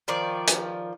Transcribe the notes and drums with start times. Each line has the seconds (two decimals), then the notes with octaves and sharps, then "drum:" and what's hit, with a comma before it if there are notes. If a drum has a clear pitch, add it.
0.08 D#3 F3 D5
0.47 drum: hi-hat